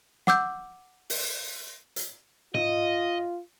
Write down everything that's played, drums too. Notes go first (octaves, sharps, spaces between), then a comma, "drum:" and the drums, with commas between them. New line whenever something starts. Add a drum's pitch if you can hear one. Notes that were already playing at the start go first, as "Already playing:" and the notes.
F#5 D6 E6 G6, drum: snare
drum: open hi-hat
drum: hi-hat
F4 D#5, drum: tom G#2